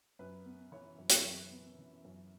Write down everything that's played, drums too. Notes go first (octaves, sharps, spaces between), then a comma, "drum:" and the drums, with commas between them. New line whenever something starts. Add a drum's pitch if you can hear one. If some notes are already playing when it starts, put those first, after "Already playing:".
F#2 B4
B3
E3 C#5
F#2
drum: hi-hat
F#2 E5
B3
E3
F#2